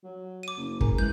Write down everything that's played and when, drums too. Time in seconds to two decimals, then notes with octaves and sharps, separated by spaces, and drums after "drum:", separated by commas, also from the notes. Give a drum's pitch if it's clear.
0.04 F#3
0.43 D6 D#7
0.57 F#1
0.81 G#4 A#4, drum: kick
0.98 E3 G#3 F#6 G6